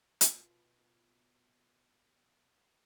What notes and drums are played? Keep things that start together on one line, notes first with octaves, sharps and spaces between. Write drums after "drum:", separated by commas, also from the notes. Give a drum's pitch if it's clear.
B2 F4, drum: hi-hat